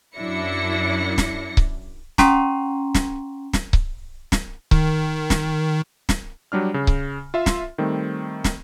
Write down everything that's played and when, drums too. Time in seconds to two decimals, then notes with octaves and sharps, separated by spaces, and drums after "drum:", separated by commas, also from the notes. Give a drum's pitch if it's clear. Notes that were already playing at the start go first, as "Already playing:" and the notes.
0.16 F#2 F#3 D4 E4 A#6 C#7
1.18 drum: snare
1.57 drum: kick C#1
2.18 C#4 G5 A#5 C6 C#6, drum: snare
2.95 drum: snare
3.53 drum: snare
3.73 drum: kick C#1
4.32 drum: snare
4.71 D#3, drum: kick C#1
5.30 drum: snare
6.09 drum: snare
6.52 F#3 G3 D4 F6
6.74 C#3
6.87 drum: kick C#1
7.34 F4 E5 C6
7.46 drum: snare
7.78 D#3 G3 A3 C4
8.44 drum: snare